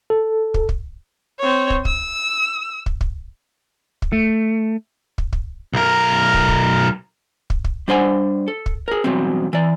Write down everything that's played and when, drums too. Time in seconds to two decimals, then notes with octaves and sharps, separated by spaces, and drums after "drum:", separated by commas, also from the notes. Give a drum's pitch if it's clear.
0.10 A4
0.54 drum: kick
0.69 drum: kick
1.39 C4 C#5
1.70 drum: kick
1.85 E6, drum: kick
2.86 drum: kick
3.01 drum: kick
4.02 drum: kick
4.13 A3
5.18 drum: kick
5.33 drum: kick
5.73 B1 A#4
6.34 drum: kick
6.49 drum: kick
7.50 drum: kick
7.64 drum: kick
7.88 G3 D4 C5 F#5 G#5
8.48 A4
8.66 drum: kick
8.88 G#4 A#4
9.04 E2 G2 B2 F#3 C4
9.53 E3 D5